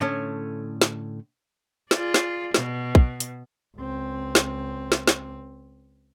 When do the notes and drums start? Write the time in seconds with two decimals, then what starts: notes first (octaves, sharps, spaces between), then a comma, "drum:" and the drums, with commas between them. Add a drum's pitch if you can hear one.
0.01 A2 D3 A3 C#4
0.82 drum: snare
1.91 F4 G#4 D5, drum: snare
2.14 drum: snare
2.54 B2, drum: snare
2.95 drum: kick
3.20 drum: hi-hat
3.77 C#2 C4
4.35 drum: snare
4.92 drum: snare
5.07 drum: snare